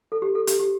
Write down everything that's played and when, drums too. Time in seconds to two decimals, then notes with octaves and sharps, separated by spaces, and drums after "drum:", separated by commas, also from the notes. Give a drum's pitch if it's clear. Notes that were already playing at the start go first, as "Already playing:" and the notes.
0.12 A4
0.22 G4
0.35 A4
0.47 G4, drum: hi-hat
0.60 G4